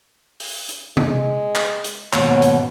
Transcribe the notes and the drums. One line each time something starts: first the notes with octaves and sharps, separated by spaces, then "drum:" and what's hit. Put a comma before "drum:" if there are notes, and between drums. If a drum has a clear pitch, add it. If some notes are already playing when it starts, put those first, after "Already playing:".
drum: open hi-hat
drum: hi-hat
G#3, drum: tom C3
drum: clap
drum: hi-hat
D#2 G#2 B2 C#5, drum: clap
drum: hi-hat